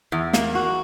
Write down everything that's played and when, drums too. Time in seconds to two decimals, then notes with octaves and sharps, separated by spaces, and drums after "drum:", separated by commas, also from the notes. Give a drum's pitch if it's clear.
0.12 E2
0.33 A#3, drum: snare
0.55 F#4